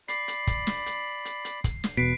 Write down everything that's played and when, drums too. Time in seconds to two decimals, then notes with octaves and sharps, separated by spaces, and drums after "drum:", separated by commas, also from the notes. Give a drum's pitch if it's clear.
0.08 D5 B5 C7, drum: hi-hat
0.28 drum: hi-hat
0.47 drum: kick, hi-hat
0.67 drum: snare
0.86 drum: hi-hat
1.25 drum: hi-hat
1.45 drum: hi-hat
1.64 drum: kick, hi-hat
1.84 drum: snare
1.97 E1 B2 B4 B6 C7 D7